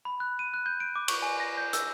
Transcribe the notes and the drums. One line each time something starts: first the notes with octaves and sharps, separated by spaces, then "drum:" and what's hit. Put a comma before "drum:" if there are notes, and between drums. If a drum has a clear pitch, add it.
B5
F#6
D#7
F#6
G6
D7
D6
C#6, drum: cymbal
G#5
A#6
G6
E6, drum: hi-hat